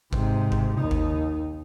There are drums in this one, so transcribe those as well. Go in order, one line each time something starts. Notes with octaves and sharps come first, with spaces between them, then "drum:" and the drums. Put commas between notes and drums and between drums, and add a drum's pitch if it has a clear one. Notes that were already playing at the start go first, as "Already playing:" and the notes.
G#2 C3, drum: kick G1
drum: kick G1
D#2 D#4
drum: kick G1